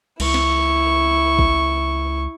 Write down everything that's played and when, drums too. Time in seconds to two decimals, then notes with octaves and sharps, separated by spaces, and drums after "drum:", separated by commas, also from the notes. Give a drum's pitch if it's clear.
0.20 C#2 E4 C#6, drum: cymbal
0.34 drum: snare
1.39 drum: kick